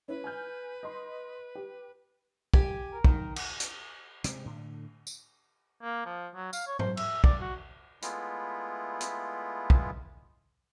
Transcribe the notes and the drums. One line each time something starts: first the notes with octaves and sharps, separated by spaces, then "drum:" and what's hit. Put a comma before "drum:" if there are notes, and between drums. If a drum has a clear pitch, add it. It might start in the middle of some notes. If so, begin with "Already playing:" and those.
C#4 E4 B4
G#5 F6 G6
D#5 C6
G4
G4 G#5, drum: kick
A#4
D#3, drum: kick
F#5, drum: cymbal
drum: hi-hat
C3 G#3 C4, drum: hi-hat
A2 D3
drum: tambourine
A#3
F3
F#3
F5, drum: tambourine
C#5
C5, drum: tom G#2
E5, drum: cymbal
D5, drum: kick
F#4
G#3 A3 B3 E4 F4, drum: hi-hat
drum: hi-hat
drum: kick